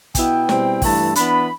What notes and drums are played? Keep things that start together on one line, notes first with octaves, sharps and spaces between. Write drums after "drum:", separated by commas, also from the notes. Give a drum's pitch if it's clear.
B2 B3 E4 G5, drum: kick, hi-hat
B2 G3 C4 E4, drum: snare
G2 E3 A3 E4 A5, drum: kick, open hi-hat
E3 B3 D4 B5, drum: hi-hat